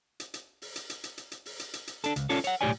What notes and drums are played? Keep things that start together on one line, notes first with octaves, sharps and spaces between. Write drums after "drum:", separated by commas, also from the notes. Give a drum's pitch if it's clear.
drum: hi-hat
drum: hi-hat
drum: open hi-hat
drum: hi-hat
drum: hi-hat
drum: hi-hat
drum: hi-hat
drum: hi-hat
drum: open hi-hat
drum: hi-hat
drum: hi-hat
drum: hi-hat
D4 A4, drum: hi-hat
C#2, drum: hi-hat
C#4 F4 A4 C#5 D5, drum: open hi-hat
C#5 F#5, drum: hi-hat
B1 A2 G4 C#5 D5 G#5